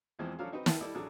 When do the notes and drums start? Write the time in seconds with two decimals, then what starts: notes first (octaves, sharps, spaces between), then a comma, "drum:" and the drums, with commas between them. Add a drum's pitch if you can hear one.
0.19 E2 E3 F3 G#3 C4
0.39 F3 F#3 C#4 D4 A4 F5
0.52 C4 D#4 F#4 B4
0.66 A#4 B4 G5 A5, drum: snare
0.81 G3 E4 A4 D5 D#5
0.94 A1 F#3 D4 G#4 A4